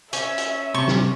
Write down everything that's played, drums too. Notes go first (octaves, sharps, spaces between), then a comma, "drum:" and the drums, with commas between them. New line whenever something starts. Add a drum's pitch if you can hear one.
C#4 E5, drum: hi-hat
drum: hi-hat
C3 C#6
drum: snare